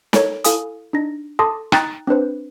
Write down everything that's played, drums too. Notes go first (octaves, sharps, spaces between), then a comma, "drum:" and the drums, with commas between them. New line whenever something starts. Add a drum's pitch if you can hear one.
D#4 A4 A#4 C#5, drum: snare
E4 A4 F5 G#5 D#6, drum: hi-hat
D4 D#4 A#6
A4 A5 C6 D6 D#6 A#6
D#4 G5 A#5 D#6 F#6 A6, drum: rim click
C4 D4 B4 C5